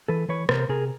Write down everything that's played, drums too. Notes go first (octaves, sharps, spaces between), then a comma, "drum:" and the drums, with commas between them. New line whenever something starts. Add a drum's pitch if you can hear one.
E3 A4 B4
E3 B4 C#5
C3 A#4 C5, drum: rim click
C3 G#4 A#4